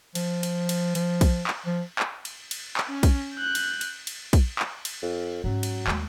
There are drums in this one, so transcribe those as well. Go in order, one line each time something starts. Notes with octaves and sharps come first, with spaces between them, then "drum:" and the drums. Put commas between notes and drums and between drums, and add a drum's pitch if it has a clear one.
F3, drum: cymbal
drum: cymbal
drum: cymbal
F3, drum: cymbal
drum: kick, cymbal
drum: clap
F3
drum: clap
drum: cymbal
drum: cymbal
drum: clap
C#4
drum: kick, cymbal
F#6 G6
drum: cymbal
drum: cymbal
drum: cymbal
drum: kick, cymbal
drum: clap
drum: cymbal
F2
G#2 F#3 C#4
drum: cymbal
D#2 G#3, drum: clap